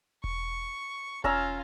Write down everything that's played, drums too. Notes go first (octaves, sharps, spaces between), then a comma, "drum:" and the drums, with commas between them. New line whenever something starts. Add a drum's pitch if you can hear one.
C#6, drum: kick E1
C#4 F4 A#5 E6, drum: kick E1